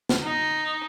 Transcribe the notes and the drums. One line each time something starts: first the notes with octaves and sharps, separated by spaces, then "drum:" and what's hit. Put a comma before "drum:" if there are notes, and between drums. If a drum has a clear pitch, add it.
drum: snare
D#4